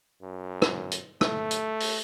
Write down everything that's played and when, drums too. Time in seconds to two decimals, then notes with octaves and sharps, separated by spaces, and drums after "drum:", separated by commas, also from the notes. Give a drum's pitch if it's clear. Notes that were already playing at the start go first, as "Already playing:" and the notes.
0.22 F#2
0.62 drum: rim click
0.91 drum: hi-hat
1.21 A3, drum: rim click
1.51 drum: hi-hat
1.80 drum: open hi-hat